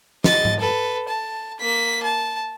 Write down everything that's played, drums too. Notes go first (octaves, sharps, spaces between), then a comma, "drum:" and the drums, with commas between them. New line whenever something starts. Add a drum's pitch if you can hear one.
D#5 A6, drum: snare
drum: tom G#2
A4 B4
A5
A#3 B6
A5